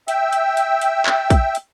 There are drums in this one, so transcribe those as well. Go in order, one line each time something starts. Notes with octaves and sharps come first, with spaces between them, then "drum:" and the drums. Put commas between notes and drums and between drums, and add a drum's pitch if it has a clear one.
E5 G5 E6, drum: hi-hat
drum: hi-hat
drum: hi-hat
drum: hi-hat
drum: clap
drum: kick, hi-hat
drum: hi-hat